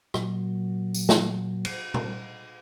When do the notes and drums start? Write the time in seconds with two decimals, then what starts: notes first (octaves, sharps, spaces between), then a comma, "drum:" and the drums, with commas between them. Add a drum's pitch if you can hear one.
0.14 A#2 F#3, drum: rim click
0.94 drum: tambourine
1.09 drum: snare
1.65 drum: cymbal
1.94 drum: tom A#2